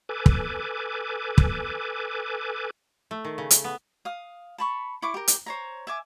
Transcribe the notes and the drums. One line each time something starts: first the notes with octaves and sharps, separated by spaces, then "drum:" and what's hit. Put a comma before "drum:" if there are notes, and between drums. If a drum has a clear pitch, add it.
A4 B4 G#5 D6
drum: kick
drum: kick
A3
D#3
C#3
drum: hi-hat
B3
F5 D#6
A5 B5 C#6
E4 C#6 D6
G4 A#4
drum: hi-hat
C5 C#5 A#5
E5 G#5 D6